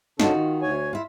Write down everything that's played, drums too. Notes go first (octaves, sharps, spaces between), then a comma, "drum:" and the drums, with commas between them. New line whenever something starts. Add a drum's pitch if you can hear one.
D3 C#4 D#4 F4 F#4 A4, drum: snare
D#3
D2 C#5 G#5
E4 F4 E5